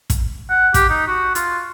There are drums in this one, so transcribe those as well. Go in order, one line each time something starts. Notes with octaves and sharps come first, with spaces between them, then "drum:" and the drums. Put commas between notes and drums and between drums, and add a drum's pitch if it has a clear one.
drum: kick, hi-hat
F#5
G4, drum: kick, hi-hat
D#4
F#4
F4, drum: hi-hat